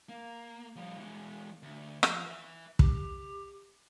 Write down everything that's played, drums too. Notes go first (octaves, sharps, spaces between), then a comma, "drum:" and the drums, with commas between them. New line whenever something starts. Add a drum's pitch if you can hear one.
A#3
F3 G3
E3 G#3
D2
F3, drum: rim click
B4 E5
G4, drum: kick